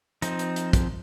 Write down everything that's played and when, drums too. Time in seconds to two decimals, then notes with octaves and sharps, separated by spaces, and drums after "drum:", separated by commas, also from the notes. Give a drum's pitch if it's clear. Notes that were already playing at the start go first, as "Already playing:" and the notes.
0.22 F3 C4 D#4, drum: hi-hat
0.39 drum: hi-hat
0.56 drum: hi-hat
0.73 drum: kick, hi-hat